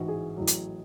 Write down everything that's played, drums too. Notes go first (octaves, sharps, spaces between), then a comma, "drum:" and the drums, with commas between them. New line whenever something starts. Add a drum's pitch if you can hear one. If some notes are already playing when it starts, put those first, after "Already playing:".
Already playing: A1 G#2 E3 F#4
G#4
A1 A2 F#3
drum: hi-hat